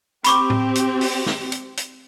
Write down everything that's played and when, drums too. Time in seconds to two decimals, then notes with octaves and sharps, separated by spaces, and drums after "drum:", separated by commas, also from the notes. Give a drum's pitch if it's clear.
0.24 C4 G4 B5 C#6 D6, drum: hi-hat
0.50 drum: tom A2
0.75 drum: hi-hat
1.01 drum: open hi-hat
1.26 drum: snare
1.52 drum: hi-hat
1.77 drum: hi-hat